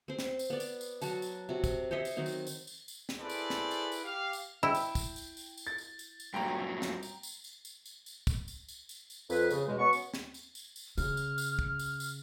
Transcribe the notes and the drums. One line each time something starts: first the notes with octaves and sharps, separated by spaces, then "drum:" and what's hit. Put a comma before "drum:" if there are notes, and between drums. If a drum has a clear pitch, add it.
C4 C5
drum: snare
drum: tambourine
B3 D5
drum: tambourine
drum: tambourine
F#3 F#4 A5, drum: tambourine
drum: tambourine
C3 F#4
drum: kick, tambourine
C5 C#5 D#5 E5
drum: tambourine
D#3 F#3 C4 D#4
drum: tambourine
drum: tambourine
drum: tambourine
drum: tambourine
drum: snare
E4 G#4 A4 B4 C5 D5
drum: tambourine
drum: snare
drum: tambourine
drum: tambourine
G4 F5
drum: tambourine
E4 G5 E7
drum: tambourine
drum: kick, tambourine
drum: tambourine
drum: tambourine
drum: tambourine
A6
drum: tambourine
drum: tambourine
drum: tambourine
G2 A#2 F#3 G5 A#5
drum: snare
drum: tambourine
drum: tambourine
drum: tambourine
drum: tambourine
drum: tambourine
drum: tambourine
drum: kick, tambourine
drum: tambourine
drum: tambourine
drum: tambourine
drum: tambourine
F2 B4, drum: tambourine
C#3, drum: tambourine
E2 B2 G#3
B3 C#4 F#4 C#6
drum: tambourine
drum: snare
drum: tambourine
drum: tambourine
drum: tambourine
C#3 F6, drum: tambourine
drum: tambourine
drum: tambourine
drum: kick
drum: tambourine
drum: tambourine